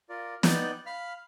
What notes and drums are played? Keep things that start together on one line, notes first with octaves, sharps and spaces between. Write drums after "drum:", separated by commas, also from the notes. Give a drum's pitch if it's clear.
F4 A#4 D5
B3 D#4 D5 G5 F#6, drum: snare
F5 B5 F6